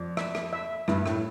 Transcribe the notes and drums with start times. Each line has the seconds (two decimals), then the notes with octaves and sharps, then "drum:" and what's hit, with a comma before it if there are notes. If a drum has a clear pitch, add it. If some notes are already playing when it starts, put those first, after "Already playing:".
Already playing: F2 D5
0.17 E5, drum: rim click
0.35 drum: rim click
0.53 E5
0.88 G2 E4, drum: rim click
1.06 A2, drum: rim click